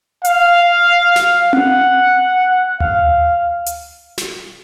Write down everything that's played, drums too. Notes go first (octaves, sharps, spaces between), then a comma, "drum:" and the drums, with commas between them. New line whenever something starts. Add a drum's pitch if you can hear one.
F5, drum: hi-hat
drum: snare
F#5, drum: tom C4
F5, drum: tom D2
drum: hi-hat
drum: snare